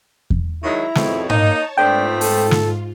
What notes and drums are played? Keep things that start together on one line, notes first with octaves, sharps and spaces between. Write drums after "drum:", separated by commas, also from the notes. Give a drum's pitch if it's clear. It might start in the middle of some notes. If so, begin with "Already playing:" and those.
drum: kick E2
D#3 F#3 G#3 E4 A#5
F2 G#2 B2 C#5 A5, drum: snare
A#3 D#4, drum: tom G#2
G#2 A3 B3 C4 D4 F4 G5
A4, drum: open hi-hat
drum: snare